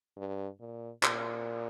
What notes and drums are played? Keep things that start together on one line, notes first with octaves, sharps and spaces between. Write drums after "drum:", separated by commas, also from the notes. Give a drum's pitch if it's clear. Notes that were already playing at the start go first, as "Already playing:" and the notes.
G2
A#2
A#2, drum: clap